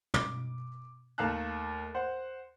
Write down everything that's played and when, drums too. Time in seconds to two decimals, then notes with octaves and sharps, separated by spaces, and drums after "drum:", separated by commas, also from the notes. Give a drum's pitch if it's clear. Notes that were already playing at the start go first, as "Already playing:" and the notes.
0.14 D6, drum: tom
1.18 D#2 A3 F5 A5 A#5 F#6
1.94 C5 F#5